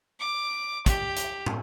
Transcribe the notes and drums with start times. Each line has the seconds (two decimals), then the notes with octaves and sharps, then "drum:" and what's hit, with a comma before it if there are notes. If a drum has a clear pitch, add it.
0.20 D6
0.86 G4, drum: kick, hi-hat
1.16 drum: hi-hat
1.46 drum: tom